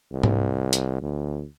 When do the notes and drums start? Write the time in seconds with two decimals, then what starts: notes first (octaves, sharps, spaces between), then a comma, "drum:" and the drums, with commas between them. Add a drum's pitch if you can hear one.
0.11 C2
0.23 drum: tom G#2
0.73 drum: hi-hat
1.02 D2